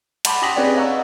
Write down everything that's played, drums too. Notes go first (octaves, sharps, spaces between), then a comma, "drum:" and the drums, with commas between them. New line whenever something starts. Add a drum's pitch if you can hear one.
F#5 A5 B5 C6 D6, drum: cymbal
G4 G5 D#6 A#6 B6 F#7
C4 G#4 B4 C#5 D5
D#5 F5 F#5 A#5 C#6 E6